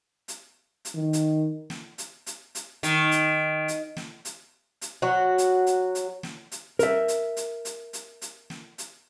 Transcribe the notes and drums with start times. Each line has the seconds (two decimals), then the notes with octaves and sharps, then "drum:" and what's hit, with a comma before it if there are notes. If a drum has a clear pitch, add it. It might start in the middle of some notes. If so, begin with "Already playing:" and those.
0.28 drum: hi-hat
0.85 drum: hi-hat
0.95 D#3
1.13 drum: hi-hat
1.70 drum: snare
1.98 drum: hi-hat
2.26 drum: hi-hat
2.55 drum: hi-hat
2.83 D#3, drum: hi-hat
3.12 drum: hi-hat
3.68 drum: hi-hat
3.97 drum: snare
4.25 drum: hi-hat
4.82 drum: hi-hat
5.02 F#3 F#4
5.38 drum: hi-hat
5.67 drum: hi-hat
5.95 drum: hi-hat
6.23 drum: snare
6.52 drum: hi-hat
6.79 A#4 E5, drum: hi-hat
7.08 drum: hi-hat
7.37 drum: hi-hat
7.65 drum: hi-hat
7.93 drum: hi-hat
8.22 drum: hi-hat
8.50 drum: snare
8.78 drum: hi-hat